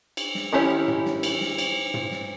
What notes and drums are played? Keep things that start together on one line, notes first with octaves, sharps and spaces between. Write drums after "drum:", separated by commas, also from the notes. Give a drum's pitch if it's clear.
drum: cymbal
drum: snare
D#3 C#4 E4 G4 C#5
drum: tom
drum: snare
drum: cymbal
drum: snare
drum: cymbal
drum: tom
drum: snare